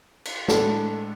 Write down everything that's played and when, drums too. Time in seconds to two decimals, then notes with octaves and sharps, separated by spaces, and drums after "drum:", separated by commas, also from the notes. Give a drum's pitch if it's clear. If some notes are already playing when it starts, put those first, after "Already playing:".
0.25 drum: cymbal
0.48 A2 G#3 D4 A4, drum: snare